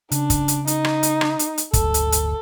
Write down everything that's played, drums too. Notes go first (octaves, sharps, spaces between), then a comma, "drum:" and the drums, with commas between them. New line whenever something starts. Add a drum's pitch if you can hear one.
C#3 D4, drum: hi-hat
drum: kick, hi-hat
drum: hi-hat
D#4, drum: hi-hat
drum: rim click
drum: hi-hat
drum: rim click
drum: hi-hat
drum: hi-hat
D1 G1 D2 A4, drum: kick, hi-hat
drum: hi-hat
drum: hi-hat